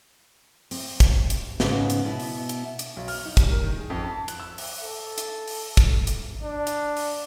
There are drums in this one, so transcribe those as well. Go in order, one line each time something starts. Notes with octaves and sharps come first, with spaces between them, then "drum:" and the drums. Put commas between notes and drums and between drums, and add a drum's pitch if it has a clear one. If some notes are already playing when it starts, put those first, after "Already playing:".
C4, drum: open hi-hat
drum: kick, hi-hat
drum: hi-hat
G#2 C#3 B3, drum: snare
drum: hi-hat
B2 B3 E4
drum: open hi-hat
drum: hi-hat
drum: hi-hat
B1
F6, drum: open hi-hat
D#4
G3, drum: kick, hi-hat
A#4
D#3
G#4
F2
A5
F#6, drum: hi-hat
E6
drum: open hi-hat
A4
drum: hi-hat
drum: open hi-hat
drum: kick, hi-hat
drum: hi-hat
D4
drum: hi-hat
drum: open hi-hat